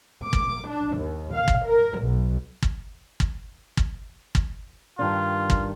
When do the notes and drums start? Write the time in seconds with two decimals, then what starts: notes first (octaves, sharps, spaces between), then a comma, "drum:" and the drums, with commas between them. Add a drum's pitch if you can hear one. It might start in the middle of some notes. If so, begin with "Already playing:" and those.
0.23 D6
0.33 drum: kick
0.67 D4
0.96 D#2
1.33 F5
1.48 drum: kick
1.65 A#4
1.99 B1
2.62 drum: kick
3.20 drum: kick
3.77 drum: kick
4.35 drum: kick
4.99 G2 D#3 D4 F4
5.50 drum: kick